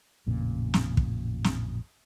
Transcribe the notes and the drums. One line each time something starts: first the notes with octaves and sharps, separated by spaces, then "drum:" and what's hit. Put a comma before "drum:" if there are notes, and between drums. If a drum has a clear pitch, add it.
A1 F2 A#2 C#3
drum: snare
drum: kick
drum: snare